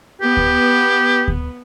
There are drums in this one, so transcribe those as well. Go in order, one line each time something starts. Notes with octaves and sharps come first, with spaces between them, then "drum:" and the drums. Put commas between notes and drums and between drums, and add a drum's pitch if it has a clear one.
B3 G4
drum: kick D2
drum: kick D2